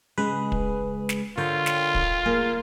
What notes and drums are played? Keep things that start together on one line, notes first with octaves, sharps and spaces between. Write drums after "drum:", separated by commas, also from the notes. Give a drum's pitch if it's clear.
C#3 G#3 G#4 B4
drum: kick
drum: snare
D3 F4 A#4 C#5 G5
drum: snare
drum: kick
A#3 G#4